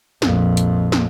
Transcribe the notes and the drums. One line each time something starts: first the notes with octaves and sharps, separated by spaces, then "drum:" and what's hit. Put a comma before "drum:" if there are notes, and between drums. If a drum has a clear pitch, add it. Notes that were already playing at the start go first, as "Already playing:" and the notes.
A#1 F2, drum: snare
drum: hi-hat
drum: snare